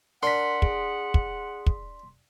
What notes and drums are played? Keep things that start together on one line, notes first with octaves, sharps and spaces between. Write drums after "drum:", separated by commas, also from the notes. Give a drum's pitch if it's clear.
D4 A#4 F#5 C6 B6
G#4, drum: kick
drum: kick
drum: kick